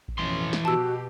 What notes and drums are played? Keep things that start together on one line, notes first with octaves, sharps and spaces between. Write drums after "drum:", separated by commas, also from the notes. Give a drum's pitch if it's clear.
drum: kick A1
F2 B2 E3 C#4 C6
drum: snare
B2 F#4 G4 A5 E6